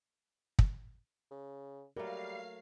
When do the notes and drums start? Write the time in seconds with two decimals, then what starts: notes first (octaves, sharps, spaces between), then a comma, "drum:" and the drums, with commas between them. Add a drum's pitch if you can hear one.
0.59 drum: kick
1.31 C#3
1.97 F#3 G3 A3 A#4 F5 C7